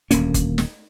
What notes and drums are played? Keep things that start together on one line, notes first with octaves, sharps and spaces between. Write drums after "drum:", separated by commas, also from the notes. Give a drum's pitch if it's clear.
D#1 D2 A#3 C#4, drum: hi-hat
drum: kick F#1, hi-hat
drum: snare